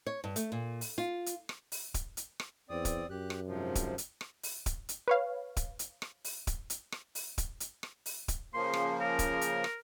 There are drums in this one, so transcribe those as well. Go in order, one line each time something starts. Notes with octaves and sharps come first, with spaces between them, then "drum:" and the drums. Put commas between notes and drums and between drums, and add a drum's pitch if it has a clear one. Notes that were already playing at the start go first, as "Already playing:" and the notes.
C#5
G2
A3, drum: hi-hat
A#2
drum: open hi-hat
F4
drum: hi-hat
drum: rim click
drum: open hi-hat
drum: kick D1, hi-hat
drum: hi-hat
drum: rim click
E2 C4 D5 D#6
drum: kick D1, hi-hat
F#2 G4 F#6
drum: rim click
G#2 C3 F3
drum: kick D1, hi-hat
drum: hi-hat
drum: rim click
drum: open hi-hat
drum: kick D1, hi-hat
drum: hi-hat
B4 C#5 F5
drum: kick D1, hi-hat
drum: hi-hat
drum: rim click
drum: open hi-hat
drum: kick D1, hi-hat
drum: hi-hat
drum: rim click
drum: open hi-hat
drum: kick D1, hi-hat
drum: hi-hat
drum: rim click
drum: open hi-hat
drum: kick D1, hi-hat
C#3 F3 A#3 C6
drum: rim click
A#4
drum: kick D1, hi-hat
drum: hi-hat
drum: rim click